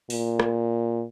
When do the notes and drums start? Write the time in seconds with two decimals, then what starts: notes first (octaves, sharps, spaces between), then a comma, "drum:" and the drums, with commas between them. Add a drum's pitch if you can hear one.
0.10 A#2, drum: open hi-hat
0.40 drum: rim click